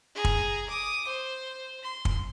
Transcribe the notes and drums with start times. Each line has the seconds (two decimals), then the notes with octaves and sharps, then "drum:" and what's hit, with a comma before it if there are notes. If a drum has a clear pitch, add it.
0.15 G#4 A#5
0.25 drum: kick
0.68 D6 D#6
1.07 C5
1.83 C6
2.05 drum: kick